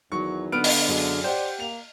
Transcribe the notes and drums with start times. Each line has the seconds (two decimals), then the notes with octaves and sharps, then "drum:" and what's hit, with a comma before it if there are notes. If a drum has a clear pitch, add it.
0.12 E2 D#3 F#3 C#6
0.52 D3 B3 F6 D7
0.64 drum: open hi-hat
0.88 F#2 G#4
1.24 G4 C5 D5 F#5 G5
1.60 A#3 F7